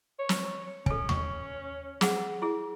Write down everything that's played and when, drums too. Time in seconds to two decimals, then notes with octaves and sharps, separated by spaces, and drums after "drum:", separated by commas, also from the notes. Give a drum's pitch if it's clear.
0.19 C#5
0.29 drum: snare
0.86 C#4 A4 G#5, drum: kick
1.09 C#6, drum: tom D#2
2.01 G#4 F#5, drum: snare
2.42 E4 G#4